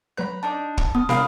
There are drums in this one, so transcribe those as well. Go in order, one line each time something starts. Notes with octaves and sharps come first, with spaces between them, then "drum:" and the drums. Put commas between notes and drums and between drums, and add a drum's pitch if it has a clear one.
F#3 B4 A#5 B5 F#6
D4 D#4 D5 A5
drum: kick
B3 D#6 F6
C3 A#4 F5 G5 B5 D#6, drum: snare